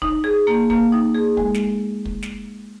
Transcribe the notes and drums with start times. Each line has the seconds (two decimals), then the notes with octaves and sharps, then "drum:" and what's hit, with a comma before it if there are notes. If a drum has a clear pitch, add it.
0.02 D#4, drum: kick
0.24 G#4
0.47 A#3
0.70 A#3, drum: kick
0.92 D#4
1.15 G#4
1.37 G#3, drum: kick
1.54 drum: snare
2.05 drum: kick
2.22 drum: snare